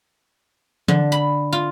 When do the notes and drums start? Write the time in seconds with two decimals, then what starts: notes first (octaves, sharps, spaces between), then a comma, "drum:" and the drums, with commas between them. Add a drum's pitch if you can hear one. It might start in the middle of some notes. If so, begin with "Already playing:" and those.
0.88 D3, drum: tom E3
1.12 B5
1.53 F4